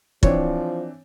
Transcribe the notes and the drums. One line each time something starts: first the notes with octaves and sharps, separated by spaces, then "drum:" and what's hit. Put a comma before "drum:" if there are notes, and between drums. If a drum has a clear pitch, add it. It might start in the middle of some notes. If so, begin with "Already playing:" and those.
E3 F3 C4 D4 C#5, drum: kick